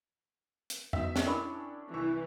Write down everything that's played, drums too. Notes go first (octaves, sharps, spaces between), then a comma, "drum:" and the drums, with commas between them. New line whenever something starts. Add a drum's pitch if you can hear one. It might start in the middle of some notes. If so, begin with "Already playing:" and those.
drum: hi-hat
B2 D#4 D#5 E5, drum: tom F2
drum: snare
C#4 D4 E4 G4 A#4 C#5 B5 D#6
C2 E3 E5 C#6